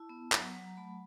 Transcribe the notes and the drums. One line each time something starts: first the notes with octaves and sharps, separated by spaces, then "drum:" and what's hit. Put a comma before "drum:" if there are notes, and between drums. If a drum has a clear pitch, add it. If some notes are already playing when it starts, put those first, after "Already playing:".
Already playing: E4 A5
B3
F#3 A#5, drum: clap
F#3
A3 B5